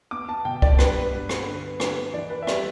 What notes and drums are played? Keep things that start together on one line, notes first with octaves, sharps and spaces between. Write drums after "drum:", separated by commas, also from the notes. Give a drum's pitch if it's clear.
B3 D6
A5
B2 G5
D5, drum: kick
G2 B4, drum: rim click
G2
drum: rim click
D3
D3, drum: rim click
E3 D5
B4
E5
G3 D5, drum: rim click